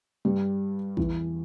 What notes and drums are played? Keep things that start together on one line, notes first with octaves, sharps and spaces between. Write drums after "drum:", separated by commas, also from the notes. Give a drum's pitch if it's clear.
G2 G3
E2 E3, drum: kick